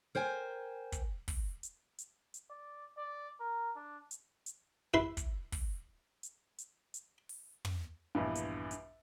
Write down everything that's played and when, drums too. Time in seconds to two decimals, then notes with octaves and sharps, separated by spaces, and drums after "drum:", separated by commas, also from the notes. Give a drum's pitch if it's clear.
0.15 A#4 C5 G5 G#5
0.92 drum: kick, hi-hat
1.28 drum: kick, open hi-hat
1.63 drum: hi-hat
1.98 drum: hi-hat
2.34 drum: hi-hat
2.50 D5
2.97 D5
3.40 A#4
3.76 D4
4.11 drum: hi-hat
4.46 drum: hi-hat
4.94 E4 B4 C6
5.17 drum: kick, hi-hat
5.52 drum: kick, open hi-hat
6.23 drum: hi-hat
6.58 drum: hi-hat
6.94 drum: hi-hat
7.29 drum: open hi-hat
7.65 drum: tom
8.15 A#1 E2 G2
8.35 drum: hi-hat
8.71 drum: hi-hat